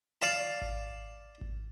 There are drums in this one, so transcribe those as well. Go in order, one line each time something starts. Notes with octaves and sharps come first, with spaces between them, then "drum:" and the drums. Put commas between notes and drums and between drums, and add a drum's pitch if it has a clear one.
D5 F5 A5
drum: kick G#1
drum: kick G#1